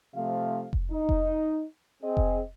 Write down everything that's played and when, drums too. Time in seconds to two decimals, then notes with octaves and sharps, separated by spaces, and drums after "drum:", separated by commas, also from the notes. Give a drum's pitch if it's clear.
0.15 C3 F3 A3 F5
0.73 drum: kick F1
0.91 D#4
1.09 drum: kick F1
2.02 C4 G#4 D#5
2.17 drum: kick F1